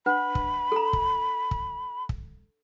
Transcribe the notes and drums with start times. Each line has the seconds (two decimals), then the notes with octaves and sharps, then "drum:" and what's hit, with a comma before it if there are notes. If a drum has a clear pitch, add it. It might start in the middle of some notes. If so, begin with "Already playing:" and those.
0.06 D4 B4 F#5 B5
0.35 drum: kick
0.72 A4 A#5
0.93 drum: kick
1.51 drum: kick
2.09 drum: kick